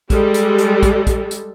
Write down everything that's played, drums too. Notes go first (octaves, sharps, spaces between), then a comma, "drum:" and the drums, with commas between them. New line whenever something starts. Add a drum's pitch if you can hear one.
G3 G#3 G4 A4, drum: kick, hi-hat
drum: hi-hat
drum: hi-hat
drum: kick, hi-hat
drum: kick, hi-hat
drum: hi-hat